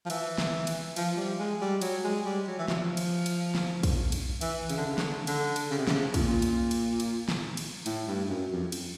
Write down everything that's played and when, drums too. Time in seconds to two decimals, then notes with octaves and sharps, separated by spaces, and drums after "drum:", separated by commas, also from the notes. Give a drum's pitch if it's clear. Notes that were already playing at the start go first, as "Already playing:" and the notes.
0.06 F3
0.10 E3, drum: cymbal
0.38 drum: snare
0.67 drum: cymbal
0.96 F3, drum: cymbal
1.17 G3
1.39 G#3
1.61 G3
1.81 F#3, drum: cymbal
2.04 G#3
2.25 G3
2.47 F#3
2.59 E3
2.68 F3, drum: snare
2.97 drum: cymbal
3.26 drum: cymbal
3.55 drum: snare
3.83 drum: kick, cymbal
4.12 drum: cymbal
4.41 E3, drum: cymbal
4.69 C#3, drum: cymbal
4.77 D3
4.85 C#3
4.98 D3, drum: snare
5.27 D3, drum: cymbal
5.56 drum: cymbal
5.71 C#3
5.78 C3
5.87 C#3, drum: snare
6.14 A#2, drum: kick, cymbal
6.42 drum: cymbal
6.71 drum: cymbal
7.00 drum: cymbal
7.29 drum: snare
7.57 drum: cymbal
7.86 A2, drum: cymbal
8.07 G2
8.29 F#2
8.51 F2
8.72 drum: cymbal